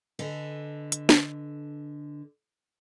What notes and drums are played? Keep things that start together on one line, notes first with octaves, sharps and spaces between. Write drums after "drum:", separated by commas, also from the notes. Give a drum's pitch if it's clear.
D3 A4 B4 D#5 G#5
drum: hi-hat
drum: snare